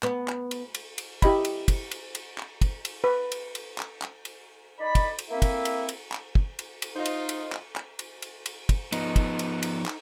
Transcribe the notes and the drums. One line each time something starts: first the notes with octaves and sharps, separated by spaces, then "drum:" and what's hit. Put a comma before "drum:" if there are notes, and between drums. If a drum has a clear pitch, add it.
B3, drum: clap
drum: clap
drum: cymbal
drum: cymbal
drum: cymbal
E4 G4 D#5 B5, drum: kick, cymbal
drum: cymbal
drum: kick, cymbal
drum: cymbal
drum: cymbal
drum: clap
drum: kick, cymbal
drum: cymbal
B4
drum: cymbal
drum: cymbal
drum: clap
drum: clap
drum: cymbal
D#4 D5 B5
drum: kick, cymbal
drum: cymbal
A#3 C4 E4 E5
drum: kick, cymbal
drum: cymbal
drum: cymbal
drum: clap
drum: kick
drum: cymbal
drum: cymbal
D#4 F4 C5 D#5
drum: cymbal
drum: cymbal
drum: clap
drum: clap
drum: cymbal
drum: cymbal
drum: cymbal
drum: kick, cymbal
F3 B3 D#4, drum: cymbal
drum: kick, cymbal
drum: cymbal
drum: cymbal
drum: clap